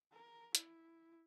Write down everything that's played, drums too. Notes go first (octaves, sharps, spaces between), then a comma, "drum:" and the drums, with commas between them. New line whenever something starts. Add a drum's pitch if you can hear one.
A#4
E4, drum: hi-hat